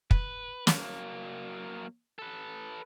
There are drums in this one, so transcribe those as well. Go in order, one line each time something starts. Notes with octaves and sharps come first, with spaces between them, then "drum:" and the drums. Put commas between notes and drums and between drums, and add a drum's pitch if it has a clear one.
B4, drum: kick
F#3 A#3, drum: snare
A4 B4